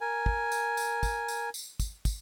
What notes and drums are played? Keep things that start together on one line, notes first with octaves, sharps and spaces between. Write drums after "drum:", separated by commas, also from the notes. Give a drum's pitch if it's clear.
A#4 G#5
drum: kick
drum: tambourine
drum: tambourine
drum: kick, tambourine
drum: tambourine
drum: tambourine
drum: kick, tambourine
drum: kick, tambourine